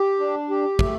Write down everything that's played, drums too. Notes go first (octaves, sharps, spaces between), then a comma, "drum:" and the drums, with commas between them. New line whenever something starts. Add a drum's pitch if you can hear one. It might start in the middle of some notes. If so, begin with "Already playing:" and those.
Already playing: G4
D4
G4
A3, drum: kick